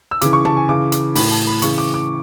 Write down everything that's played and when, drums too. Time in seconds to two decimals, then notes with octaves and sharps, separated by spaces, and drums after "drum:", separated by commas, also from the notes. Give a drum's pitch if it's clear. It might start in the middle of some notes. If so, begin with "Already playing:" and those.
0.11 E6
0.21 C#3 E3 D6, drum: hi-hat
0.33 C#6
0.45 A5, drum: tom
0.57 G#5
0.69 C#3 E3 D6
0.92 D6, drum: hi-hat
1.15 A2 E3 B5, drum: open hi-hat
1.31 A5
1.47 B5
1.62 C#3 E3 C#6, drum: hi-hat
1.78 D6
1.94 D6